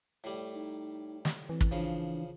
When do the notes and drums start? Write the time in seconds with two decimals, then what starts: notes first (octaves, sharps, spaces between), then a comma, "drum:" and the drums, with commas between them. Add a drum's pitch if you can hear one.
0.24 A2 G3
0.54 D#4
1.25 drum: snare
1.49 E3 C4
1.61 drum: kick
1.71 C#3 F3 D4